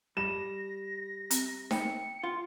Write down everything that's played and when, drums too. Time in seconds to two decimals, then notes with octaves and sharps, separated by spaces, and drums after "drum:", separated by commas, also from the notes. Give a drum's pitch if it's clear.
0.17 G3 A#6 E7
1.31 C4, drum: hi-hat
1.71 G5 C#7, drum: snare D#4
2.24 F4